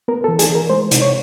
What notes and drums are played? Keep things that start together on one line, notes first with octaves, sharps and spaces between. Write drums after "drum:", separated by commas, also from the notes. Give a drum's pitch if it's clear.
B3 A#4
A4
E3
G#4, drum: hi-hat
E3
A#4
G#3 C5
C3, drum: hi-hat
C#5